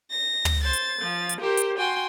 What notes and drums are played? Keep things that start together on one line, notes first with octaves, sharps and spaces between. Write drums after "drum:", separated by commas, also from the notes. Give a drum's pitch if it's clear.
A#6
drum: tom
C5 A6
drum: hi-hat
F3
drum: hi-hat
G4 A#4 C5
drum: hi-hat
F#4 G5 G#5 C6